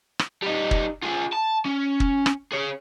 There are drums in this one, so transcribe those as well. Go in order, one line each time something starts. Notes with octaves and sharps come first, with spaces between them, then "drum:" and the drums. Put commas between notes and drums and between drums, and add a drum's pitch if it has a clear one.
drum: rim click
G3 D#4
drum: kick
F4 G#4
A5
C#4
drum: kick
drum: rim click
G#4 C#5